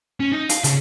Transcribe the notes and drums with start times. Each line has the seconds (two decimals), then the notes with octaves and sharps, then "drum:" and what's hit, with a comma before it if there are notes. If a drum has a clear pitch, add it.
0.20 C#4
0.32 D#4
0.49 F5, drum: hi-hat
0.64 C#3, drum: hi-hat